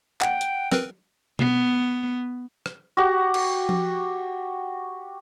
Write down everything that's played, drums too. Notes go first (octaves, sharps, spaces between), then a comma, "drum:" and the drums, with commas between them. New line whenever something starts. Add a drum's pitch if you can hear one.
F#5 G5, drum: clap
drum: hi-hat
C4 A#4 B4, drum: snare
B3, drum: tom B2
drum: rim click
F#4 G4 F#5
drum: cymbal
drum: tom F3